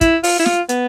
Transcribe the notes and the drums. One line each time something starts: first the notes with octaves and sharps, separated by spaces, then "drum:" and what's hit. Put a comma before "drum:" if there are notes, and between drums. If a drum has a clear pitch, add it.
E4, drum: kick, hi-hat
F4, drum: open hi-hat
E4
F4, drum: snare
B3, drum: hi-hat